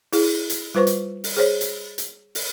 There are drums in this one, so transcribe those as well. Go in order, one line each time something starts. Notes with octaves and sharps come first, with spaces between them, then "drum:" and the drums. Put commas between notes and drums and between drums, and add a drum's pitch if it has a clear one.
E4 G#4, drum: open hi-hat
drum: hi-hat
G3 F4 B4 C5 C#6
drum: hi-hat
drum: open hi-hat
G#4 C5 C#5
drum: hi-hat
drum: hi-hat
drum: open hi-hat